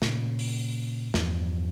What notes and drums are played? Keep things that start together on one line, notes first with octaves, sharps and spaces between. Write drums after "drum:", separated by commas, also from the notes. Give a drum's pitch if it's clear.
A#2 C#3, drum: snare
drum: open hi-hat
E2 G2 F3, drum: snare